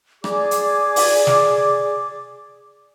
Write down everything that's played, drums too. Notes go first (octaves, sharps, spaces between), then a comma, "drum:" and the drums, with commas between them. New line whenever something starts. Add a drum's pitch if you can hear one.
G#4 D5 D6, drum: rim click
drum: hi-hat
drum: open hi-hat
drum: snare